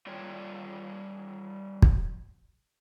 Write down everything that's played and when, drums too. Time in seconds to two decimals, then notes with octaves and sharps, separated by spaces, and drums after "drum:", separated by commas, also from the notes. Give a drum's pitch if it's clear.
0.07 G3 F4 C#5 D5 G5
1.82 drum: kick